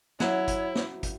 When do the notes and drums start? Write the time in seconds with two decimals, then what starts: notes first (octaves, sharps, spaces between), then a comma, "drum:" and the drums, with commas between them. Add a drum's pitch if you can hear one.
0.20 F#3 E4 C#5, drum: snare
0.48 drum: kick, hi-hat
0.75 drum: snare
1.03 drum: kick, hi-hat